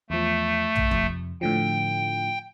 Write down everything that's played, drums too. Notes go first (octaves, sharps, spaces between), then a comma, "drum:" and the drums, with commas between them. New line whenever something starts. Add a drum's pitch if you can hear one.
E2 F3 A3
drum: tom
F2 C3, drum: kick
A2 D3 F3 G5